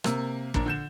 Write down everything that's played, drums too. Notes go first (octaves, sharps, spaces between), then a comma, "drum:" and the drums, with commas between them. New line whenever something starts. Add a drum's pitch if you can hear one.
C3 A#3, drum: rim click
A#1 A#3 D4 A#5, drum: kick
D3 G6 E7